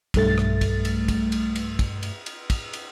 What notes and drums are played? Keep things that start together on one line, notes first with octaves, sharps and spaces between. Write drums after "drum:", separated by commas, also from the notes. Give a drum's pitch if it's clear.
B1 G2 A3 A6, drum: kick, cymbal
drum: rim click
drum: kick, cymbal
drum: cymbal
drum: kick, cymbal
drum: cymbal
drum: cymbal
drum: kick, cymbal
drum: cymbal
drum: cymbal
drum: kick, cymbal
drum: cymbal